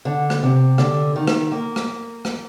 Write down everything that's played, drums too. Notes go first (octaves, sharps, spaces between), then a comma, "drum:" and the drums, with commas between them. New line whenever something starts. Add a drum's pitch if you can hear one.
D3
drum: rim click
C3
D3, drum: rim click
D#3
drum: rim click
A#3
drum: rim click
drum: rim click